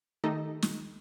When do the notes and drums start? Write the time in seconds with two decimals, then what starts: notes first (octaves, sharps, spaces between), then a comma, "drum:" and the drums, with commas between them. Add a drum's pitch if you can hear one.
0.24 D#3 A3 D#4 G4 A4 D#5
0.62 drum: snare